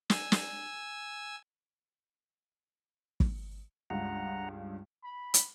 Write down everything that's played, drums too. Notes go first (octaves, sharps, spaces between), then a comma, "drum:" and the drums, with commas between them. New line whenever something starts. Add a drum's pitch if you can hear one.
G#5 E6, drum: snare
drum: snare
drum: kick
C#2 G2 F#5 A#5
B5
drum: hi-hat